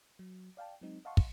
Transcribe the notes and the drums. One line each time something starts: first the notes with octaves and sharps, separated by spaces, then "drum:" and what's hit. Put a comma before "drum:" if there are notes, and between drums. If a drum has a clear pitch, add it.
F#3
D5 F5 G5 A5
F#3 G#3 C4 D#4
D#5 F5 F#5 A5 C6 C#6
drum: kick